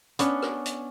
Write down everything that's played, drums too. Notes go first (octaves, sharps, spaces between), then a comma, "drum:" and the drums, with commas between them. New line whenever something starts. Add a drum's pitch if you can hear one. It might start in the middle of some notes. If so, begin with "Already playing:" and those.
B3 C#4 D4, drum: hi-hat
drum: rim click
drum: hi-hat